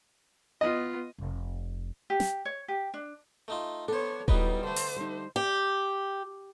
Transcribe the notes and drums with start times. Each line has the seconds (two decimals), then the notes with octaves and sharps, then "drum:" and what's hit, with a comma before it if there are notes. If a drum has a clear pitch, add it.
0.61 B3 F4 D#5
1.18 F1
2.10 G4
2.20 drum: snare
2.45 C#5
2.68 G4
2.94 D4
3.48 A3 D#4 F4
3.88 B3 D4 A4 C5 C#5
4.28 F#3 G3 B3 D#4 E4 B4, drum: kick D#1
4.63 D3 A3 C5
4.76 drum: open hi-hat
4.96 G3 D#4
5.36 G4